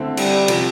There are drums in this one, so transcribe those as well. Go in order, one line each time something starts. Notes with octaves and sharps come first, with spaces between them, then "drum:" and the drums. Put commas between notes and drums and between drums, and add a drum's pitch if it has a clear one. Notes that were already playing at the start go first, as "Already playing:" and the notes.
Already playing: D3 A3 C4 E4
G3, drum: cymbal
C3 F3, drum: cymbal